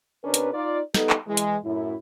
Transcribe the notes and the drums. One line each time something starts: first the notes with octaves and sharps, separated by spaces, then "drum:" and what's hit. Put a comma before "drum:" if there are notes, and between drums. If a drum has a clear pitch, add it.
C3 C#4 D4 A#4 B4
drum: hi-hat
D#4 F4 D5
G3 B3 D#4 A4, drum: snare
drum: clap
E3 G#3
drum: hi-hat
F#2 A2 E4